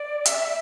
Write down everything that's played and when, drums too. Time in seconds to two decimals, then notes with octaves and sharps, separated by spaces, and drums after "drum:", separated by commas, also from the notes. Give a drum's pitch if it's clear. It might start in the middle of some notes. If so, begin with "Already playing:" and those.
Already playing: D5
0.25 E5, drum: hi-hat